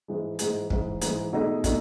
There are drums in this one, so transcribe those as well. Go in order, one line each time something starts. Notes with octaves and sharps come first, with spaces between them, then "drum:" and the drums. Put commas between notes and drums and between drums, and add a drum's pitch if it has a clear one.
G#2 E3 G#3
G#2 E3 G#3, drum: hi-hat
G#2 E3 G#3, drum: kick
G#2 E3 G#3, drum: hi-hat
B2 A3 D#4 G#4 D#5
B2 A3 D#4, drum: kick, hi-hat